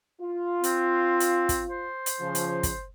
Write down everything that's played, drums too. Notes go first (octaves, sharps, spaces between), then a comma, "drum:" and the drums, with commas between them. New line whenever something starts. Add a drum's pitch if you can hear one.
F4
C4, drum: hi-hat
drum: hi-hat
drum: kick, hi-hat
C5
drum: hi-hat
C#3 F3
drum: hi-hat
drum: kick, hi-hat